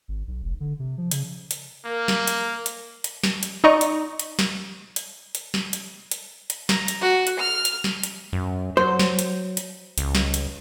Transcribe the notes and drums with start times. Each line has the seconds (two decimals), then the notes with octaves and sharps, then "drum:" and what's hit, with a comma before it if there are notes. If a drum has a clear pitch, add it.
0.08 G#1
0.27 B1
0.43 F1
0.60 D3
0.79 C3
0.98 F3
1.11 C#3, drum: hi-hat
1.51 drum: hi-hat
1.85 A#3 A#4
2.08 drum: snare
2.28 drum: hi-hat
2.66 drum: hi-hat
3.04 drum: hi-hat
3.23 drum: snare
3.43 drum: hi-hat
3.64 D#4 D5 D#5 A#5 C#6
3.81 drum: hi-hat
4.19 drum: hi-hat
4.39 drum: snare
4.96 drum: hi-hat
5.35 drum: hi-hat
5.54 drum: snare
5.73 drum: hi-hat
6.11 drum: hi-hat
6.50 drum: hi-hat
6.69 A#5, drum: snare
6.88 drum: hi-hat
7.01 F#4
7.27 drum: hi-hat
7.39 F6
7.65 drum: hi-hat
7.84 drum: snare
8.03 drum: hi-hat
8.33 F#2
8.77 F#3 C5
8.99 drum: snare
9.19 drum: hi-hat
9.57 drum: hi-hat
9.98 C#2, drum: hi-hat
10.15 drum: snare
10.34 drum: hi-hat